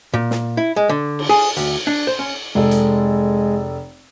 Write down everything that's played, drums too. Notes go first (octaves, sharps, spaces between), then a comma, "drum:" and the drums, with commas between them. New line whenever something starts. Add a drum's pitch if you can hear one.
A#2
drum: snare
E4
G#3
D3
drum: cymbal
G#4
D2, drum: hi-hat
D4
C5
C#4
F1 G#3 A4
drum: hi-hat